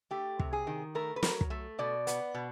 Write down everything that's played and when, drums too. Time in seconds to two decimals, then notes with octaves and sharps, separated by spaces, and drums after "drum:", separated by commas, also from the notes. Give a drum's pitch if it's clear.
0.11 A3 G4
0.39 C3, drum: kick
0.53 G#4
0.67 D#3
0.95 A3 A#4
1.16 B4
1.23 F#3 A#4, drum: snare
1.41 drum: kick
1.50 A3
1.79 B2 D5
2.07 B3, drum: hi-hat
2.34 B2